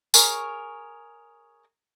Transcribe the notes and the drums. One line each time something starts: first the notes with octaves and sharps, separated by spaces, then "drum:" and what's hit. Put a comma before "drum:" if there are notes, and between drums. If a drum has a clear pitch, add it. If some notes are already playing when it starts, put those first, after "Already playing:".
G#4 A#4 C#5 C#6, drum: tambourine